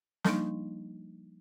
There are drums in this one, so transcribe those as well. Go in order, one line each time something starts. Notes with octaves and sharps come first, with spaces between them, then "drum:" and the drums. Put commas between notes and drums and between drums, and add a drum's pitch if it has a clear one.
F3 G3 A#3 D4 D#4, drum: snare